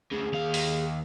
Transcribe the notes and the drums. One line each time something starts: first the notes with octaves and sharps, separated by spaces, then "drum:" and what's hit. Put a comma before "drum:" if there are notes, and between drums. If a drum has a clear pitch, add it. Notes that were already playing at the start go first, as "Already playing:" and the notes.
D2 C#3 G#4
D#2 F5
drum: open hi-hat